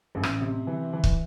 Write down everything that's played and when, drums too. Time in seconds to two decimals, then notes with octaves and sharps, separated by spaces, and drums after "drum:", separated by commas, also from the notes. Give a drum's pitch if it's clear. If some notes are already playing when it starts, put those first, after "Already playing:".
0.15 A1 G2
0.23 A2, drum: rim click
0.41 C3
0.67 E3
0.93 E3
1.04 drum: kick